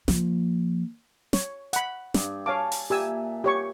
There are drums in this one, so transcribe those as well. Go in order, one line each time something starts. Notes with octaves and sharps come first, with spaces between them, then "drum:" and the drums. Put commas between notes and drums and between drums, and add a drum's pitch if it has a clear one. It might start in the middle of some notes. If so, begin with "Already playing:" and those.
F3 A#3, drum: snare
C#5, drum: snare
F#5 B5, drum: hi-hat
G2, drum: snare
C#5 F5 G#5 A5 D6
drum: open hi-hat
A#2 G4 E5 G#5 E6
G4 C#5 C#6